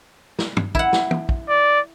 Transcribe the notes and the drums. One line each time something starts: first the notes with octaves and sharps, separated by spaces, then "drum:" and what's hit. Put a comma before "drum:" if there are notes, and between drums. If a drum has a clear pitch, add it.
drum: snare
drum: tom
E4 F#5, drum: kick
drum: snare
drum: tom
drum: kick
D5